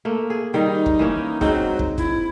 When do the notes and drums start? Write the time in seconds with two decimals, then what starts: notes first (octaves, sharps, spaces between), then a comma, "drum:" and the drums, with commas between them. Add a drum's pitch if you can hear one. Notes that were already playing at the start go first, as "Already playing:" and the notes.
0.05 A3 A#3
0.30 G#4
0.54 D#3 G3 D#4
0.86 drum: kick
0.99 E3 A#3 C#4
1.41 G#2 F#3 C4 D#4, drum: kick
1.79 drum: kick
1.98 E4, drum: kick